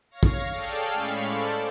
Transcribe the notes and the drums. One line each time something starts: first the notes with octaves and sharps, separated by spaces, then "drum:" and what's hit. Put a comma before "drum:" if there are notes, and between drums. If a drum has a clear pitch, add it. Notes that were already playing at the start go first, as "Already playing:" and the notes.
C#5 F5 C#6 A#6
drum: kick
G#4 A4 D5 F5 G5 A5
A2 G#3 C#4 F5 B5 C#6
A4 C5 D5